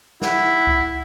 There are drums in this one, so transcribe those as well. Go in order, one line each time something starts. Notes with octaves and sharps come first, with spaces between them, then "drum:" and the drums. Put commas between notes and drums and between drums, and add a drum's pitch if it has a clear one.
E4 F#5, drum: snare
drum: kick C#2